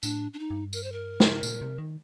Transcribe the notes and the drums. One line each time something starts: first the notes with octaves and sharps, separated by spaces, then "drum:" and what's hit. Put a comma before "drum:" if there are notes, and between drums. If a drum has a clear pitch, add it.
A2 D4, drum: tambourine
D4
D#4
G2
A#4, drum: tambourine
C5
A#4
drum: snare
A#2, drum: tambourine
C3
D#3